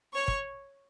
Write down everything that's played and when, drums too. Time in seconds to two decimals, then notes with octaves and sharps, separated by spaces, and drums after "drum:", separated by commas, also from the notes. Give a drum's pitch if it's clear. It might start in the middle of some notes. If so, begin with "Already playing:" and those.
0.14 C#5 C#6
0.28 drum: kick